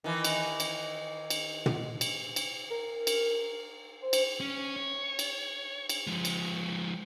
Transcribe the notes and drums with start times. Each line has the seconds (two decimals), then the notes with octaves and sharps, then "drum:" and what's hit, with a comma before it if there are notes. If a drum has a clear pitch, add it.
0.04 D#3 E3
0.24 drum: cymbal
0.60 drum: cymbal
1.30 drum: cymbal
1.66 drum: tom
2.01 drum: cymbal
2.36 drum: cymbal
2.70 A#4
3.07 drum: cymbal
4.02 C5
4.13 drum: cymbal
4.41 C#4
4.76 C#5
5.19 drum: cymbal
5.89 drum: cymbal
6.07 F3 G#3
6.25 drum: cymbal